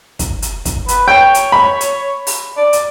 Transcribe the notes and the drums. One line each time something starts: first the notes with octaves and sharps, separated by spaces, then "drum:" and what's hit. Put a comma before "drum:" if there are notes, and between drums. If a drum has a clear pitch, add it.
drum: kick, hi-hat
drum: hi-hat
drum: kick, hi-hat
B4, drum: hi-hat
C#5 G5
drum: hi-hat
B5
drum: hi-hat
drum: open hi-hat
D5
drum: hi-hat